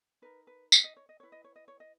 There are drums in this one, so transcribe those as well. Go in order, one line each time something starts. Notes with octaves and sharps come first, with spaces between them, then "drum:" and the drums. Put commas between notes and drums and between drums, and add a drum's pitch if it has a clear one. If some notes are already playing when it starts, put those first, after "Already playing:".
D#4 A#4 B4
B4
C#5, drum: tambourine
D#5
C#5
D#5
E4 B4 C#5
D#5
C#5
D#5
C#5
D#5